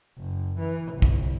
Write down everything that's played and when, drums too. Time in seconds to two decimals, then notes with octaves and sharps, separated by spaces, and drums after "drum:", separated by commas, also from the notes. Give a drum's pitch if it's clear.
0.18 F#1
0.59 E3
0.93 G1 C2
1.02 drum: kick